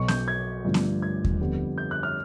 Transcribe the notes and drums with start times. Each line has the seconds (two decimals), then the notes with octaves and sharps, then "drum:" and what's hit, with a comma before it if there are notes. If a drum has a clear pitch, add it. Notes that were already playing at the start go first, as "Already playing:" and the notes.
Already playing: B1 B2 F#3 C#6
0.08 G6, drum: snare B3
0.28 G#6
0.65 G2 D3 F3 A3
0.74 drum: snare B3
1.02 G#6
1.24 drum: kick D#2
1.41 F2 D3 G3 B3
1.78 G6
1.91 F#6
2.03 F6